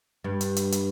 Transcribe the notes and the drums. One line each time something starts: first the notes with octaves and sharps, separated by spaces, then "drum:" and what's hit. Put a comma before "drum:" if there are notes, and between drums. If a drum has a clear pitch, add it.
G2
drum: hi-hat
drum: hi-hat
drum: hi-hat